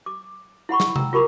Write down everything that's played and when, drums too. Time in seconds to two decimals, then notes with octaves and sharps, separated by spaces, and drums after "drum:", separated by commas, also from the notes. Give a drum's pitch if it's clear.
0.06 D6
0.69 E4 F#5 B5 C#6
0.80 drum: snare
0.96 G5 A#5 E6, drum: tom C3
1.13 F4 G4 A#4 A#5 B5 D6